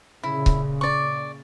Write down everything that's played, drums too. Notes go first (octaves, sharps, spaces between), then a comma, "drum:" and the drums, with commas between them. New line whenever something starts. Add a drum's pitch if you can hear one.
A#2 C#3 E4
drum: kick C#1
D5 C#6